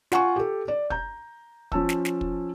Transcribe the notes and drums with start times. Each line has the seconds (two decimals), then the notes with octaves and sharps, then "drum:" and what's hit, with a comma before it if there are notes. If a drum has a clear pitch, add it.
0.12 F4 F#5 G#5 C#6, drum: snare
0.36 G4 A4
0.68 D5
0.90 A#5 G6, drum: kick
1.72 F3 C#4 A5 E6, drum: kick
1.89 drum: snare
2.05 drum: snare
2.21 drum: kick